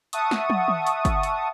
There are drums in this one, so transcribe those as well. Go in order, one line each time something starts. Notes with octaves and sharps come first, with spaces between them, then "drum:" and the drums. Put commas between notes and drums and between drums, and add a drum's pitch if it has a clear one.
E5 F#5 A5 C#6 D#6, drum: hi-hat
drum: snare
drum: tom
drum: tom D#3
drum: hi-hat
drum: kick, hi-hat
drum: hi-hat